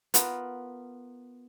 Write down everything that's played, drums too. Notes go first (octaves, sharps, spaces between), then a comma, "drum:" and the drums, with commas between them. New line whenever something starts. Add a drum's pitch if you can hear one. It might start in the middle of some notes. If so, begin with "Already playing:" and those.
B3 F4 A#4, drum: hi-hat